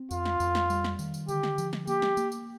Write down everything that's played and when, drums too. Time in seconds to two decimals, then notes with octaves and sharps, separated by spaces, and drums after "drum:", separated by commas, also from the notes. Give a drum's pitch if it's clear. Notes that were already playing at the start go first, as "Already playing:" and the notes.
Already playing: C4
0.11 F2 F4, drum: tambourine
0.25 drum: snare
0.40 F2, drum: tambourine
0.55 drum: snare
0.70 G3, drum: tambourine
0.84 drum: snare
0.99 D#3, drum: tambourine
1.14 drum: tambourine
1.28 D3 G4, drum: tambourine
1.43 drum: snare
1.58 F3, drum: tambourine
1.73 drum: snare
1.87 A#3 G4, drum: tambourine
2.02 drum: snare
2.17 A#3, drum: tambourine
2.32 drum: tambourine